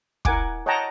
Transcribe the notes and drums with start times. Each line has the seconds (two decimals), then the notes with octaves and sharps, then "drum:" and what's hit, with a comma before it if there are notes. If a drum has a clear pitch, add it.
0.25 E4 A#4 F#5 G#5 D6, drum: kick
0.66 C#5 D#5 F#5 G5 A5 A#5